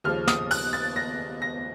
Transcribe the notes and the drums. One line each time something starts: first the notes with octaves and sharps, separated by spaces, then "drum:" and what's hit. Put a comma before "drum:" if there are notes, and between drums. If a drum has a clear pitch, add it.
D#2 C#3 F3 F6
D#6, drum: snare
F#6, drum: open hi-hat
A6
A#6
A#6